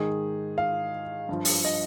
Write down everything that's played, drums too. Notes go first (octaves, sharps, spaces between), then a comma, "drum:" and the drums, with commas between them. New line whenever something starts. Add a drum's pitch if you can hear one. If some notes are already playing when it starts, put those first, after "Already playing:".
Already playing: G#2 D#3 G#4
F5
G2 F3
drum: open hi-hat
D#5